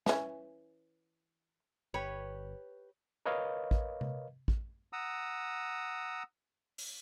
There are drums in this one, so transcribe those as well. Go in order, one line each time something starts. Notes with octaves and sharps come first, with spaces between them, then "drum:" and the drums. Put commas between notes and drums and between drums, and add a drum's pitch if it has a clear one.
E3 C#4, drum: snare
G1 G4 B4 C#5 B5
A#4 B4 C#5 D#5 F5
drum: kick A1
drum: tom C3
drum: kick A1
F#5 A#5 D#6 E6
drum: open hi-hat